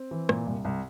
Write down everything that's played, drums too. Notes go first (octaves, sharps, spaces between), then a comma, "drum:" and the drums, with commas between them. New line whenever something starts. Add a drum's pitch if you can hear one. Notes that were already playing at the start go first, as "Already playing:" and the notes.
Already playing: C4
E3
A#2, drum: rim click
C2
C2